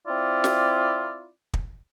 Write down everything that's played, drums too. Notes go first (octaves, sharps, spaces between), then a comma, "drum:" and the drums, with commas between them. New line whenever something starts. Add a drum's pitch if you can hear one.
C4 E4 F4 D5
drum: snare
drum: kick